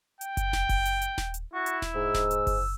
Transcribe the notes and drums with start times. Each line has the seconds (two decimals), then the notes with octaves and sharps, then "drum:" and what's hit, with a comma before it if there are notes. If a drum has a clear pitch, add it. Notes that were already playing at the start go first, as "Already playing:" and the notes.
0.21 G5, drum: hi-hat
0.37 drum: kick F#1, hi-hat
0.53 drum: snare D#1
0.69 drum: kick F#1, open hi-hat
0.85 drum: hi-hat
1.02 drum: hi-hat
1.18 drum: snare D#1
1.34 drum: hi-hat
1.54 E4 F#4
1.66 drum: hi-hat
1.82 drum: snare D#1
1.95 G#2 E6
2.14 drum: snare D#1
2.31 drum: hi-hat
2.47 drum: kick F#1, open hi-hat